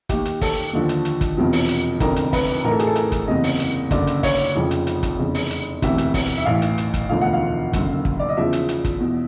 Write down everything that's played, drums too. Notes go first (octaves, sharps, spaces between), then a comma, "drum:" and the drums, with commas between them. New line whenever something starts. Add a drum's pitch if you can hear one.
D#2 D#3 G4, drum: kick, hi-hat
drum: hi-hat
A4, drum: kick, open hi-hat
D#2 D3 F3
drum: hi-hat
drum: hi-hat
drum: kick, hi-hat
E1 E2 C3 F3
drum: open hi-hat
drum: hi-hat
F1 F2 D3 A#4, drum: kick, hi-hat
drum: hi-hat
B4, drum: kick, open hi-hat
A1 A2 E3 A#4
A4
G#4, drum: hi-hat
A4
A#4, drum: hi-hat
drum: kick, hi-hat
F#1 E2 C3 D#5
drum: open hi-hat
drum: hi-hat
F#1 F#2 D3 D5, drum: kick, hi-hat
drum: hi-hat
C#5, drum: kick, open hi-hat
F1 F2 C#3 F3
drum: hi-hat
drum: hi-hat
drum: kick, hi-hat
F1 E2 C#3
drum: open hi-hat
drum: hi-hat
E1 D2 C3 E3 E5, drum: kick, hi-hat
drum: hi-hat
drum: kick, open hi-hat
E5
A1 A2 E3 F5
drum: hi-hat
drum: hi-hat
drum: kick, hi-hat
E1 D2 D3 F3 F5
F#5
F5
F#1 F#2 D3, drum: kick, hi-hat
drum: kick
D5
D#5
E2 C#3 F3 E5
drum: hi-hat
drum: hi-hat
drum: kick, hi-hat
E2 B2